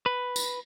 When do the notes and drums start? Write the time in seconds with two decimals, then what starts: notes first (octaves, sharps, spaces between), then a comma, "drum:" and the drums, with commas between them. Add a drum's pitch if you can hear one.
0.06 B4
0.36 drum: tambourine